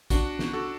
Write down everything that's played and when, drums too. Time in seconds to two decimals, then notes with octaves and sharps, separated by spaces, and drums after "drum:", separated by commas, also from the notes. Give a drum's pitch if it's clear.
0.10 D4 F#4, drum: kick, hi-hat
0.39 drum: snare
0.53 F#4 A4